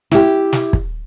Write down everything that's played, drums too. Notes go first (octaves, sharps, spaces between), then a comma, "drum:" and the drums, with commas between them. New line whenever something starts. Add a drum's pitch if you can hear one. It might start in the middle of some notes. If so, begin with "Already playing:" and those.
E4 G4, drum: snare
drum: snare
drum: kick